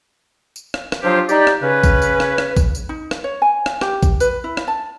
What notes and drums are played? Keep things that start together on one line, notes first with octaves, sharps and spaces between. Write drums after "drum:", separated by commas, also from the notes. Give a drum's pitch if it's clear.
drum: tambourine
drum: rim click
drum: rim click
F3 F#3 D4 F4 G4 C5
D#4 G4 D5, drum: tambourine
drum: rim click
C#3 C#4 B4
drum: kick A1, tambourine
drum: tambourine
drum: rim click
drum: rim click
drum: kick A1, tambourine
drum: tambourine
D#4
drum: rim click
C#5
G#5
drum: rim click
G4, drum: rim click
drum: kick A1, tambourine
B4, drum: tambourine
E4
drum: rim click
A5